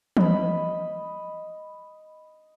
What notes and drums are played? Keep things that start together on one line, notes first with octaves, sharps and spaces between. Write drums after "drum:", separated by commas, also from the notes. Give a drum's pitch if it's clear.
D#5 B5, drum: tom E3